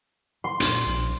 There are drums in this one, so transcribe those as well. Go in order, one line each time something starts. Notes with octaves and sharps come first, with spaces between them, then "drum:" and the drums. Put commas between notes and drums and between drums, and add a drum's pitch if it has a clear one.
C6
A#2, drum: hi-hat
A#1